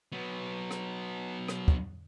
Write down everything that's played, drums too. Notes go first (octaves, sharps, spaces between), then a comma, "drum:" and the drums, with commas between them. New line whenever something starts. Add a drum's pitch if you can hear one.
F#3 B3
drum: rim click
drum: rim click
drum: kick